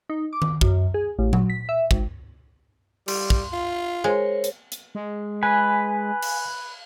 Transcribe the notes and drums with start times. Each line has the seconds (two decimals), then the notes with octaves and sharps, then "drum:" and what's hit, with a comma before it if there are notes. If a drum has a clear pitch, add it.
0.09 D#4
0.33 D6
0.42 drum: tom D#3
0.61 F#2, drum: kick
0.94 G#4
1.19 A1
1.33 F#3, drum: tom A#2
1.50 B6
1.69 E5
1.91 G#1, drum: kick
3.08 G3 C6, drum: cymbal
3.30 drum: kick
3.53 F4
4.04 G#3 A#4 C5 C#5
4.44 drum: hi-hat
4.72 drum: hi-hat
4.95 G#3
5.43 B4 G#5
6.22 drum: cymbal